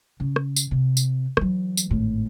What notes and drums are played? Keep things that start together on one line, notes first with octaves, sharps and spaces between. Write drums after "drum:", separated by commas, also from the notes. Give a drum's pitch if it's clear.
C#3
drum: rim click
drum: tambourine
C3
drum: tambourine
E3 F#3, drum: rim click
drum: tambourine
G#1 A2